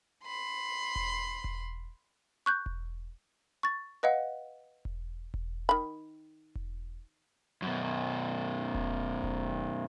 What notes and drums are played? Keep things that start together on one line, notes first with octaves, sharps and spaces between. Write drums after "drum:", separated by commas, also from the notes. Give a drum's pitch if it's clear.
B5 C6
drum: kick E1
drum: kick E1
C#6 F#6 G6
drum: kick E1
C#6 A6
B4 D#5 F5 F#5
drum: kick E1
drum: kick E1
D#3 B5
drum: kick E1
F#2 B2
drum: kick E1
drum: kick E1